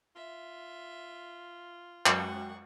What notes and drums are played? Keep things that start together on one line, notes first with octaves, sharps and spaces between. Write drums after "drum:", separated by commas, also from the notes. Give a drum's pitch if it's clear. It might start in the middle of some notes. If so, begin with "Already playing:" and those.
F4 E5
F#2 G#3 F#4 F#5 G5 C#6, drum: clap